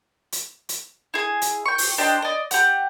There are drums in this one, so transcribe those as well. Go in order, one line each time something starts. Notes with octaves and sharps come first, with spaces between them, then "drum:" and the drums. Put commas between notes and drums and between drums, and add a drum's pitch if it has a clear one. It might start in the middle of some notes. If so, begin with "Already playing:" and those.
drum: hi-hat
drum: hi-hat
E4 G#4
drum: hi-hat
G5 C#6
drum: open hi-hat
D4 G4 C5 D#5
D5 D#5
G4 F#5, drum: hi-hat